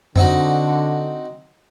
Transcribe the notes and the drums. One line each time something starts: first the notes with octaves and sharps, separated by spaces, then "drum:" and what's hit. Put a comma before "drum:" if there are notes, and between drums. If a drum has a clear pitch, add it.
D3 C4 D#4 F#4, drum: tom F2